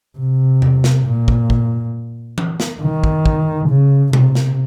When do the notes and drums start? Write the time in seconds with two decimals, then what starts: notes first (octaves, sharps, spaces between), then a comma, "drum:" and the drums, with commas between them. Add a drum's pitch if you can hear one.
0.18 C3
0.62 drum: tom E2
0.84 drum: snare
1.06 A#2
1.28 drum: kick
1.50 drum: kick
2.38 drum: tom E3
2.60 drum: snare
2.82 D#3
3.04 drum: kick
3.26 drum: kick
3.69 C#3
4.13 C3, drum: tom B2
4.35 drum: snare